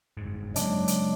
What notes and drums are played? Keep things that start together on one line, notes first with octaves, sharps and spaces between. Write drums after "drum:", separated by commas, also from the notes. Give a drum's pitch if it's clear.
F#1 G#2
C#3 F#3 G#3 A#3 D4, drum: hi-hat
drum: hi-hat